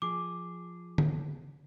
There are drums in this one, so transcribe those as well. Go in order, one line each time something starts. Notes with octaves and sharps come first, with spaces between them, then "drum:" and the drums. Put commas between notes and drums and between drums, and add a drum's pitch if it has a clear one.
F3 G#4 D6
drum: tom D3